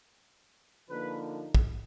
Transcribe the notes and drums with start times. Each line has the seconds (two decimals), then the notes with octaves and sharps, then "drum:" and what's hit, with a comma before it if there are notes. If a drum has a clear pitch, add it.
0.89 D3 F3 A#3 D#4 B4
1.55 drum: kick